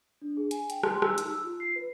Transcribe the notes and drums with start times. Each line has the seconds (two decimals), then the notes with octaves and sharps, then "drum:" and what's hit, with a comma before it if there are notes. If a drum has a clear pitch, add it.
0.22 D4
0.37 G#4
0.51 G#5, drum: hi-hat
0.70 G5, drum: hi-hat
0.83 C6, drum: rim click
1.02 E6, drum: rim click
1.18 D#4, drum: hi-hat
1.30 E6
1.44 F4
1.60 C7
1.76 B4